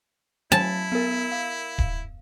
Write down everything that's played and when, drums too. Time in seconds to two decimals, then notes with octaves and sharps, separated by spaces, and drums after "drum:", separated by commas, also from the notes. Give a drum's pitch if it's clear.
0.52 F#3 E4 A5
0.92 B3 A#4
1.32 F5
1.78 drum: kick D1